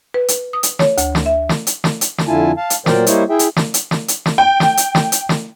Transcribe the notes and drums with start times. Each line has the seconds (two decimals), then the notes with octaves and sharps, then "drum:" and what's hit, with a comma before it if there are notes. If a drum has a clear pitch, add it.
0.14 B4
0.28 drum: hi-hat
0.53 D#6
0.63 drum: hi-hat
0.79 C#5, drum: snare
0.98 D2, drum: hi-hat
1.15 drum: snare
1.26 E5
1.49 drum: snare
1.67 drum: hi-hat
1.84 drum: snare
2.01 drum: hi-hat
2.18 drum: snare
2.28 F2 D3 E4 F4 G#5 A5
2.57 F5 A5
2.70 drum: hi-hat
2.86 A#2 F#3 A#4 C5 D5 G5, drum: snare
3.07 G3 A#3 E4 C5 C#5 D#5, drum: hi-hat
3.30 E4 G#4 E5 G5
3.39 drum: hi-hat
3.57 drum: snare
3.74 drum: hi-hat
3.91 drum: snare
4.08 drum: hi-hat
4.26 drum: snare
4.38 G5
4.60 drum: snare
4.77 drum: hi-hat
4.95 drum: snare
5.12 drum: hi-hat
5.29 drum: snare